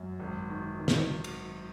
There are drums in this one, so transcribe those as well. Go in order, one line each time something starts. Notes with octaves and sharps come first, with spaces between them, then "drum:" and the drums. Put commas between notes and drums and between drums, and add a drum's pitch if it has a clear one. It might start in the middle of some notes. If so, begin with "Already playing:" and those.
Already playing: F#2
G#1
D#3
D#3
drum: snare
drum: cymbal